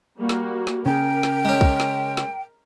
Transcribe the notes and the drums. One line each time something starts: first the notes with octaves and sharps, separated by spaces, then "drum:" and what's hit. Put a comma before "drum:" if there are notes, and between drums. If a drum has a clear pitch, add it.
G3 A#3 F#4
drum: snare
drum: snare
C#3 G#4 A#4 G5
drum: snare
G#3 C#4
drum: kick
drum: snare
drum: snare